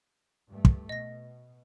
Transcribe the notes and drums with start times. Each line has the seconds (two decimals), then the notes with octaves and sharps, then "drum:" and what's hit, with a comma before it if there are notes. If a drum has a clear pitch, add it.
0.49 G2 A3
0.65 drum: kick
0.89 B2 D#5 A#6